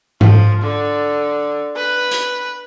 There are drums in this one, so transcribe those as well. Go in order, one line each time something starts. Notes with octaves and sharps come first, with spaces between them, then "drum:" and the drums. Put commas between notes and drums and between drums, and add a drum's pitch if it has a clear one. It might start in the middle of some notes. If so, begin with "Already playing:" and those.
F3, drum: tom
D3
B4
drum: hi-hat